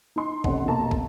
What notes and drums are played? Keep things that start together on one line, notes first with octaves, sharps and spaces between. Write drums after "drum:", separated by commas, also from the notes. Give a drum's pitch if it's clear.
D#4 C6
F1 C#4 F#5, drum: kick
F1 B2 A#3 A5 A#5
drum: kick